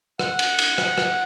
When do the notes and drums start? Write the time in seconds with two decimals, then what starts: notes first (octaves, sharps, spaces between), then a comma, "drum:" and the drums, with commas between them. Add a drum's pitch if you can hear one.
0.19 F#5, drum: rim click
0.39 drum: cymbal
0.59 drum: cymbal
0.78 drum: rim click
0.98 drum: rim click